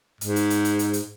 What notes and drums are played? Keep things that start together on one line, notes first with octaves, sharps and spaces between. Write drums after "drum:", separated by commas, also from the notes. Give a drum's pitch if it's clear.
G#2, drum: hi-hat
drum: hi-hat
drum: hi-hat
drum: hi-hat
drum: hi-hat
drum: hi-hat